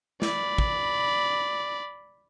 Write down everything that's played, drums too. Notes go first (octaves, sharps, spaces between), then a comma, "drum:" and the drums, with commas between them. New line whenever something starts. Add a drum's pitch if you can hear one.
D5 B5, drum: snare
drum: kick